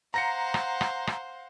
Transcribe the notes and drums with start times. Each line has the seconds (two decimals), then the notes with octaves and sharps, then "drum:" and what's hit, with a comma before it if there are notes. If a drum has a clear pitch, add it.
0.14 C5 F5 F#5 A#5 A#6 C#7
0.54 drum: rim click
0.81 drum: rim click
1.07 drum: rim click